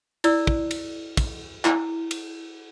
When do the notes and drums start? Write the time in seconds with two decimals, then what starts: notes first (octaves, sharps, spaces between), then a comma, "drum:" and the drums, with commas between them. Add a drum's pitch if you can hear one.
0.24 E4 D5 E6, drum: cymbal
0.47 drum: kick
0.71 drum: cymbal
1.17 drum: kick, cymbal
1.65 E4, drum: clap
2.11 drum: cymbal